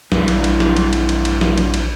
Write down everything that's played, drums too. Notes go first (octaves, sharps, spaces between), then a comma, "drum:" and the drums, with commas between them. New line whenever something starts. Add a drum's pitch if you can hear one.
A#1 G2 E3, drum: snare
drum: cymbal
drum: cymbal
drum: snare
drum: cymbal
drum: cymbal
drum: cymbal
drum: cymbal
drum: snare
drum: cymbal
drum: cymbal